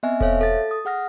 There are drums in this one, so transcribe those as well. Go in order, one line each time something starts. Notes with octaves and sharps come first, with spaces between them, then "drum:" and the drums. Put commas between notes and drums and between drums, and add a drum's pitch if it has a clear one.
B3 C4 D#5 E5 G#5
A4 C5 C#5 E5 F5, drum: kick E1
A4 A6
D#6
G#4 F#5 F6 A#6